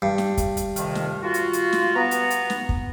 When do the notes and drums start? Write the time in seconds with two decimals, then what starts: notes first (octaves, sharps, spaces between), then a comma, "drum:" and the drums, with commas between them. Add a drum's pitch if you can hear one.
0.02 G2
0.18 drum: snare
0.37 drum: kick, hi-hat
0.57 drum: hi-hat
0.76 F2 C3 D#3, drum: hi-hat
0.95 drum: snare
1.22 F4 F#4
1.34 drum: hi-hat
1.53 drum: hi-hat
1.72 drum: snare
1.95 B3 A#5
2.11 drum: hi-hat
2.30 drum: hi-hat
2.50 drum: snare
2.69 drum: kick